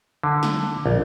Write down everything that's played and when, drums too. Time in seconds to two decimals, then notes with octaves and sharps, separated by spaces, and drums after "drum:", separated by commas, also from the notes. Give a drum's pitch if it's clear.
0.23 D3
0.43 drum: snare
0.86 A#1